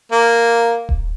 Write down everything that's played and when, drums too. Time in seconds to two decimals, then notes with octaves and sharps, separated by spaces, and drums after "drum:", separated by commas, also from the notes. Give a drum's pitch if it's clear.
0.12 A#3
0.89 drum: kick D#1